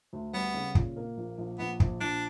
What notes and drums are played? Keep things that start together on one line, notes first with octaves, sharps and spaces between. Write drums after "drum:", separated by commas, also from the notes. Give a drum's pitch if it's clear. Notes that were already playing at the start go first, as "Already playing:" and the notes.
D2
G3 B3
C#3
A#2, drum: kick
A#3
A#1
A#1
A#1 B3
A#1, drum: kick
A#1 D4